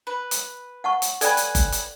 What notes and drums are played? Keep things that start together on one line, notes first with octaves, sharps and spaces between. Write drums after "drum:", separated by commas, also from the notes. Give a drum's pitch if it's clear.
B4
drum: hi-hat
F#5 A5 C#6
drum: hi-hat
A4 B4 D5 G5 G#5, drum: hi-hat
drum: hi-hat
drum: kick F#1, hi-hat
drum: hi-hat